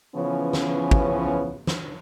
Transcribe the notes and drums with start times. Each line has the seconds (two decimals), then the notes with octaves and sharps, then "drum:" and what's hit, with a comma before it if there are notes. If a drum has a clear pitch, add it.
0.15 C#3 E3 F3 B3 C#4
0.53 drum: snare
0.91 drum: kick
1.67 drum: snare